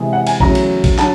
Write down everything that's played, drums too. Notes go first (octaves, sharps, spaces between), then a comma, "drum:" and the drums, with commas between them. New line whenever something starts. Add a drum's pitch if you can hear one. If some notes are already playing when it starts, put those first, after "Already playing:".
Already playing: C3 E3 G#3
F#5
G#5, drum: cymbal
E2 C#3 F#3 A3 A#5, drum: kick A#1
drum: cymbal
drum: kick A#1, cymbal
D3 F#3 A5, drum: clap